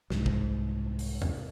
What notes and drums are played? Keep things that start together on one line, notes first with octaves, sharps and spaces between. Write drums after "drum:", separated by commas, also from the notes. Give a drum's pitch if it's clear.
C2 G#2, drum: snare
drum: kick
drum: open hi-hat
drum: tom E2